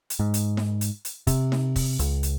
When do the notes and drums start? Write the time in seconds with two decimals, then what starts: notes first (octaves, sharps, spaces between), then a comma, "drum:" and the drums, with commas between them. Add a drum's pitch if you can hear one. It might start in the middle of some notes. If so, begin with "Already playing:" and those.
0.10 drum: hi-hat
0.19 G#2
0.34 drum: hi-hat
0.57 drum: snare D#4
0.81 drum: hi-hat
1.05 drum: hi-hat
1.27 C3, drum: kick, hi-hat
1.52 drum: snare D#4
1.76 drum: kick, open hi-hat
1.99 C#2, drum: hi-hat
2.23 drum: hi-hat